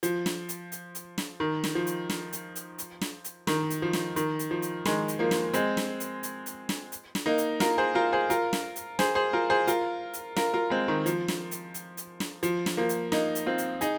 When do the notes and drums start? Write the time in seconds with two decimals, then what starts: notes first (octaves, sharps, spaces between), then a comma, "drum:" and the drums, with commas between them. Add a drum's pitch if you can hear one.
0.03 F3, drum: hi-hat
0.26 drum: snare
0.49 drum: hi-hat
0.72 drum: hi-hat
0.95 drum: hi-hat
1.18 drum: snare
1.40 D#3
1.64 drum: snare
1.75 F3
1.87 drum: hi-hat
2.10 drum: snare
2.33 drum: hi-hat
2.55 drum: hi-hat
2.78 drum: hi-hat
3.01 drum: snare
3.24 drum: hi-hat
3.47 D#3, drum: snare
3.70 drum: hi-hat
3.82 F3
3.93 drum: snare
4.16 D#3, drum: hi-hat
4.39 drum: hi-hat
4.51 F3
4.62 drum: hi-hat
4.85 D#3 G#3, drum: snare
5.08 drum: hi-hat
5.19 F3 A#3
5.31 drum: snare
5.53 G#3 C4, drum: hi-hat
5.77 drum: snare
6.00 drum: hi-hat
6.23 drum: hi-hat
6.46 drum: hi-hat
6.69 drum: snare
6.92 drum: hi-hat
7.15 drum: snare
7.26 A#3 D#4
7.38 drum: hi-hat
7.60 F4 A#4, drum: snare
7.78 G#4 C5
7.95 F4 A#4
8.12 G#4 C5
8.30 F4 A#4, drum: hi-hat
8.53 drum: snare
8.76 drum: hi-hat
8.99 G#4 C5, drum: snare
9.15 G#4 C5
9.33 F4 A#4
9.50 G#4 C5
9.68 F4 A#4, drum: hi-hat
10.13 drum: hi-hat
10.36 F4 A#4, drum: snare
10.54 F4 A#4
10.70 G#3 C4
10.88 D#3
11.06 F3, drum: hi-hat
11.28 drum: snare
11.51 drum: hi-hat
11.74 drum: hi-hat
11.97 drum: hi-hat
12.20 drum: snare
12.43 F3, drum: hi-hat
12.66 drum: snare
12.77 F3 A#3
12.89 drum: hi-hat
13.12 A#3 D#4, drum: snare
13.35 drum: hi-hat
13.46 C4 F4
13.58 drum: hi-hat
13.81 D#4 G#4, drum: hi-hat